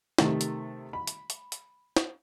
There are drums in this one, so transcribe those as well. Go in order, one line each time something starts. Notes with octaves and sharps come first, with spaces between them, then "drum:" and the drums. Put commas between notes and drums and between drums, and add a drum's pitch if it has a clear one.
C3 D#3 A3, drum: snare
drum: hi-hat
B5
drum: hi-hat
drum: hi-hat
drum: hi-hat
drum: snare